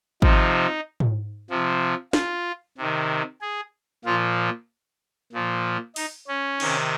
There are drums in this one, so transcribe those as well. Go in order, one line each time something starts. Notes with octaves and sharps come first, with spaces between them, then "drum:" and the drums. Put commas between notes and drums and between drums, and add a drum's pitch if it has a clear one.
C3 F3 D#4, drum: kick G#1
drum: tom G#2
C3 F3
F4, drum: snare
C3 D#3
G#4
A#2 F3 F4
A#2 F3
D#4, drum: open hi-hat
C#4
C3 D#3, drum: cymbal